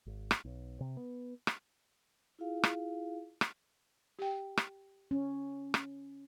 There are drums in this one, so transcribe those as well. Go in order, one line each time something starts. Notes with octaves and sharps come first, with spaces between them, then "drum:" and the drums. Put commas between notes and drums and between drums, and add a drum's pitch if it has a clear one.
G#1
drum: rim click
B1
C3
B3
drum: rim click
E4 F4 G#4 F5
drum: rim click
drum: rim click
G4 G5
drum: rim click
C#4
drum: rim click